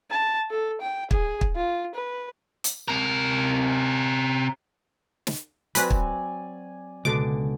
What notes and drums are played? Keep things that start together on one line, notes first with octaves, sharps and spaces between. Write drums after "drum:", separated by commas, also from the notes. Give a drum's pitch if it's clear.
A5
A4
G5
G#4, drum: kick
drum: kick
F4
B4
drum: hi-hat
C3 A#4
drum: snare
F#3 C4 B4 D5 G#5, drum: hi-hat
drum: kick
C#2 B2 D3 D6